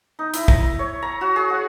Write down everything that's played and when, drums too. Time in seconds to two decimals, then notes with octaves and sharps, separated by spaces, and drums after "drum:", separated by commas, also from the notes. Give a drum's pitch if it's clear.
0.19 D#4
0.34 E4, drum: hi-hat
0.48 A#5, drum: kick
0.79 C#5
1.02 A#5
1.21 F#4
1.36 G#4
1.50 F#5